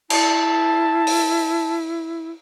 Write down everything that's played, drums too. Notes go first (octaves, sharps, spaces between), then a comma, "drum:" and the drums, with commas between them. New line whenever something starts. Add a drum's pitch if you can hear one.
E4 A5, drum: cymbal
drum: open hi-hat